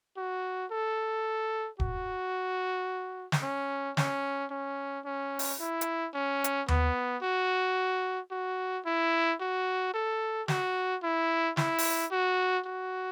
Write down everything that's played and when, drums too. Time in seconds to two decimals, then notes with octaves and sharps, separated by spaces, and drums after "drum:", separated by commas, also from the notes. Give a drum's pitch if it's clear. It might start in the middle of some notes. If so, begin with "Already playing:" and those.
0.17 F#4
0.71 A4
1.80 F#4, drum: kick
3.32 drum: snare
3.43 C#4
3.97 C#4, drum: snare
4.51 C#4
5.05 C#4
5.39 drum: open hi-hat
5.60 E4
5.81 drum: hi-hat
6.14 C#4
6.44 drum: hi-hat
6.68 B3, drum: tom D#2
7.23 F#4
8.31 F#4
8.86 E4
9.40 F#4
9.94 A4
10.48 F#4, drum: snare
11.03 E4
11.57 E4, drum: snare
11.78 drum: open hi-hat
12.12 F#4
12.66 F#4